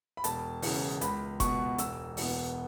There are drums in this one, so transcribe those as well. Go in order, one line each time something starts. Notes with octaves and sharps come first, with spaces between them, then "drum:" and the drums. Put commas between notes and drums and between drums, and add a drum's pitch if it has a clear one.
B5
E1 A5, drum: hi-hat
E2 C#3, drum: open hi-hat
C#2 B5, drum: hi-hat
B2 B3 C#6, drum: kick F#1, hi-hat
E1 E6, drum: hi-hat
E2 B2 B3, drum: open hi-hat